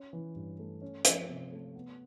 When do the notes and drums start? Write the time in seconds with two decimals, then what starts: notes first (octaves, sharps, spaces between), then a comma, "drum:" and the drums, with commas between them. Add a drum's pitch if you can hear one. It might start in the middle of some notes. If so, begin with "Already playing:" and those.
Already playing: C#4
0.13 E3
0.36 G2
0.59 A3
0.82 C#4
1.05 F3, drum: hi-hat
1.29 C3
1.52 A3
1.75 B3